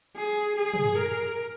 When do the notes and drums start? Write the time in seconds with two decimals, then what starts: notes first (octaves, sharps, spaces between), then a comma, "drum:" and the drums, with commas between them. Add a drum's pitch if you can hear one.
0.16 G#4
0.56 G#4
0.73 drum: tom
0.95 A#4